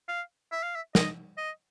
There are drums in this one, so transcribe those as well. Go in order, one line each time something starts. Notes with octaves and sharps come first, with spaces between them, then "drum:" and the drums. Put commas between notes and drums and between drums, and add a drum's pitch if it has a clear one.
F5
E5
F5
E5
D#5, drum: snare
D#5